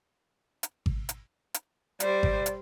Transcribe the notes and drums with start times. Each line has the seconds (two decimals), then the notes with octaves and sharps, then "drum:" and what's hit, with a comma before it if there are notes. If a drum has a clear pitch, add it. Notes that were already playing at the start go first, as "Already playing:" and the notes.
0.63 drum: hi-hat
0.86 drum: kick G#1
1.09 drum: hi-hat
1.54 drum: hi-hat
2.00 G3 C5 D5, drum: hi-hat
2.23 drum: kick G#1
2.46 drum: hi-hat